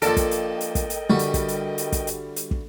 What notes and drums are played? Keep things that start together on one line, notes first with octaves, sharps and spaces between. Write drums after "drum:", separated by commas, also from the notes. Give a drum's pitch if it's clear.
F3 A#3 D4 A4 A#4 D#5 G5, drum: hi-hat
drum: kick, hi-hat
drum: hi-hat
drum: hi-hat
drum: kick, hi-hat
drum: hi-hat
D3 G3 F#4 E5
drum: hi-hat
drum: kick, hi-hat
drum: hi-hat
drum: hi-hat
drum: kick, hi-hat
drum: hi-hat
drum: hi-hat
drum: kick